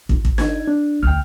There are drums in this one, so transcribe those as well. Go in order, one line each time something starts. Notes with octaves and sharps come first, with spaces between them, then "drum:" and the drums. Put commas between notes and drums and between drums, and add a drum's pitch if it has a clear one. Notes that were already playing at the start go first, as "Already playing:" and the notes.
F4, drum: kick
drum: kick
D#4 G#6, drum: snare
D4
D2 G5 F6